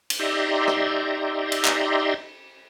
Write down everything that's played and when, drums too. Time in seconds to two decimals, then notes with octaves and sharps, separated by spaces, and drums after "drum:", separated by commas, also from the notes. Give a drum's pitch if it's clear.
0.10 drum: cymbal
0.19 D#4 G4 D5 E5 A#5 C6
0.68 drum: rim click
1.52 drum: cymbal
1.65 drum: clap